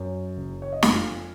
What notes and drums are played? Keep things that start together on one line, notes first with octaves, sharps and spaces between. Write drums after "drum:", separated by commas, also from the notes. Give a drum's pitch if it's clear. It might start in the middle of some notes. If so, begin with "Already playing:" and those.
Already playing: F#2
F#1
C#5
D#5
F2 F5, drum: snare